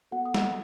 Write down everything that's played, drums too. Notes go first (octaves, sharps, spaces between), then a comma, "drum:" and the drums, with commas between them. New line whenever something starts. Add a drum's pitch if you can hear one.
B3 F#4 A4 F#5
D#6
E6, drum: snare